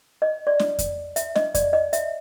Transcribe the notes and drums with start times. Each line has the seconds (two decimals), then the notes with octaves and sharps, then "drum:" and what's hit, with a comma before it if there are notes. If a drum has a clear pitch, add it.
0.22 D#5
0.47 D5
0.59 drum: snare
0.79 drum: kick F2, hi-hat
1.16 E5, drum: hi-hat
1.36 D#5, drum: snare
1.55 D5, drum: kick F2, hi-hat
1.73 D#5
1.93 E5, drum: hi-hat